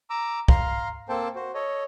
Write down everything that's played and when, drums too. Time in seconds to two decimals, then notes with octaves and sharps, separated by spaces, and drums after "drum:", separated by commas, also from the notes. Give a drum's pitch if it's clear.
0.10 A#5 D6 E6
0.48 F5 A#5 C6 F6, drum: kick
1.09 A#3 C4 A4 C5 G5 A5
1.35 F#4 C5
1.54 A4 C#5 D#5